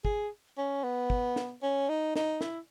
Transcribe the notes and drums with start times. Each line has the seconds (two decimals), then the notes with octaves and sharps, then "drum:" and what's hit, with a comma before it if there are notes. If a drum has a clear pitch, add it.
0.05 G#4, drum: kick
0.58 C#4
0.84 B3
1.10 drum: kick
1.36 drum: snare
1.63 C#4
1.89 D#4
2.16 D#4, drum: snare
2.41 E4, drum: snare